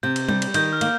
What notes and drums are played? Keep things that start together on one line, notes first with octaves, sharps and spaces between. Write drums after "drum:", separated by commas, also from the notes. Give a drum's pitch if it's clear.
C3 G6
drum: cymbal
G3 G6, drum: tom G3
drum: cymbal
D#3 G6, drum: cymbal
F6
A#3, drum: cymbal